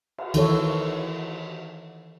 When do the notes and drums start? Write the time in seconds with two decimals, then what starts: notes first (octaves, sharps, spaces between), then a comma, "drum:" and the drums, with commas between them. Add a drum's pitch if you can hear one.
0.18 drum: cymbal
0.34 D#3 E3 A4 C#5, drum: cymbal